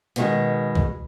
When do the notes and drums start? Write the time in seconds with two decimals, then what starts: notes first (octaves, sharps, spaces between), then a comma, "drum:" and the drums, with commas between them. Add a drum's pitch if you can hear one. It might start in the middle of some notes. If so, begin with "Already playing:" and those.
0.16 B2 D#3 G#3, drum: hi-hat
0.75 drum: kick